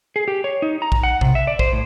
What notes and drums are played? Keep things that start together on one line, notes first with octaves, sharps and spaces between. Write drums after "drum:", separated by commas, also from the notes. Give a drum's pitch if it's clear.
G#4
G4
C#5
D#4
A#5
drum: kick
F#5
C3, drum: kick
E5
D5
C5, drum: kick
A2